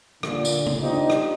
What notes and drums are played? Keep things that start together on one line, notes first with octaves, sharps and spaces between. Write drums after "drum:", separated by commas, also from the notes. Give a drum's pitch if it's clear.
A#2 D3, drum: rim click
drum: tambourine
drum: tom C#3
D4 D#4 F4 G4 C5
drum: rim click